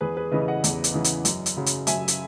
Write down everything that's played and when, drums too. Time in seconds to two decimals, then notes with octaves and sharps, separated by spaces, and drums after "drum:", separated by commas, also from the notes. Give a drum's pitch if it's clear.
0.01 E2 G#4 B4
0.17 G#4 B4
0.31 C#3 E3 B4 D#5
0.48 D#5 F#5
0.64 E2, drum: hi-hat
0.84 drum: hi-hat
0.94 C#3 E3
1.04 drum: hi-hat
1.25 F#2, drum: hi-hat
1.46 drum: hi-hat
1.57 C#3 F#3
1.66 drum: hi-hat
1.87 F#2 E5 G#5, drum: hi-hat
2.08 drum: hi-hat